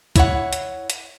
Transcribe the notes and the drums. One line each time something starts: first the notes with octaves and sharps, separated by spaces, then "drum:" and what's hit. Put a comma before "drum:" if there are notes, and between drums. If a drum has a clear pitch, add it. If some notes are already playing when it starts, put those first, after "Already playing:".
E4 C#5 F#5, drum: kick C#2, hi-hat
drum: hi-hat
drum: hi-hat